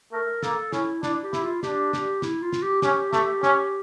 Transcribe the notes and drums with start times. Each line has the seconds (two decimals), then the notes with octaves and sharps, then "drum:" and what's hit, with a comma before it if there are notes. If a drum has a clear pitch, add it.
0.13 A3 A#4
0.43 A#3 A4, drum: snare
0.72 C#4 E4, drum: snare
1.03 D4 E4, drum: snare
1.23 G4
1.33 E4, drum: snare
1.43 F4
1.63 D4 G4, drum: snare
1.93 G4, drum: snare
2.22 E4, drum: snare
2.42 F4
2.53 drum: snare
2.62 G4
2.82 C#4 G4, drum: snare
3.13 A3, drum: snare
3.43 C#4, drum: snare